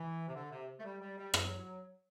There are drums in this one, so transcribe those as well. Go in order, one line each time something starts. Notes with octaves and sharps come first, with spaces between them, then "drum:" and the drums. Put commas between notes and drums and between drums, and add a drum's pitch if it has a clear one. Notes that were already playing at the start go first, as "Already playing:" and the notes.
Already playing: E3
C3
D3
C3
A3
G3
G3
G3
F#3, drum: rim click
F#3